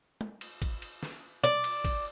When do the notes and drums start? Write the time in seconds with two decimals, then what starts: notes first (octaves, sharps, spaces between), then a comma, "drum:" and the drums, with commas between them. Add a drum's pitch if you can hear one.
0.21 drum: tom
0.41 drum: cymbal
0.62 drum: kick A1, cymbal
0.82 drum: cymbal
1.03 drum: snare
1.44 D5, drum: tom
1.64 drum: cymbal
1.85 drum: kick A1, cymbal